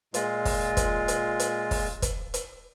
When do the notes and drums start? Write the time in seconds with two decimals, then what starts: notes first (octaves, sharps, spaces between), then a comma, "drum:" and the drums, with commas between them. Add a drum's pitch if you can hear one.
0.14 A#2 G#3 F4, drum: hi-hat
0.45 drum: kick, open hi-hat
0.77 drum: kick, hi-hat
1.08 drum: hi-hat
1.40 drum: hi-hat
1.71 drum: kick, open hi-hat
2.02 drum: kick, hi-hat
2.34 drum: hi-hat